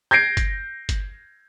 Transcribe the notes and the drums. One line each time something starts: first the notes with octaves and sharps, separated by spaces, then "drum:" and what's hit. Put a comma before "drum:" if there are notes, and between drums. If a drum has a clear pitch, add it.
G6 G#6 A#6 C7 D7
drum: kick G1, hi-hat
drum: kick G1, hi-hat